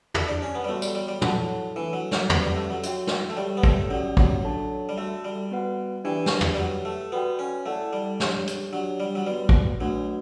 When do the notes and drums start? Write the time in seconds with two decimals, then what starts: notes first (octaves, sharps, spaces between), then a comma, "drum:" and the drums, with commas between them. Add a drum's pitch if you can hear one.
0.14 E4 G4 D5 A5, drum: tom
0.28 D4
0.42 C#4
0.55 B3
0.64 G3
0.69 A3 B3 F#4 C#5 E5
0.82 G3, drum: tambourine
0.95 G3
1.08 G3
1.22 F#3 E4 A4 C#5 F#5 A5, drum: tom
1.76 E3 A3 D4 A4
1.93 F#3
2.12 F#3, drum: snare
2.30 F#3 C#4 G4 B4 F#5, drum: tom
2.43 G3
2.56 A3
2.70 F#3
2.83 F#4 C#5 E5 G5, drum: hi-hat
3.07 drum: snare
3.30 A3
3.37 G3 G4 C#5 G5
3.57 B3
3.63 A3, drum: kick
3.90 F#3 C#4 G4 D5
4.17 F#3, drum: kick
4.44 D4 A4 C#5 E5 A5
4.89 G3
4.97 A3 F#4 A4 E5 A5
5.25 G3
5.51 B3 F#4 B4 F#5
6.05 E3 D4 G4 D5 G5
6.26 drum: snare
6.41 drum: tom
6.54 G3
6.59 F#3 G4 B4 E5
6.85 A3
7.12 B3 F#4 B4 D5 G5
7.39 C#4
7.66 A3 E4 A4 D5 F#5 A5
7.93 G3
8.20 D4 G4 C#5, drum: snare
8.48 drum: hi-hat
8.73 F#3 D4 G4 D5
9.00 G3
9.15 F#3
9.27 G3 B3 F#4 B4
9.49 drum: kick
9.81 F#3 A3 D4 F#4 B4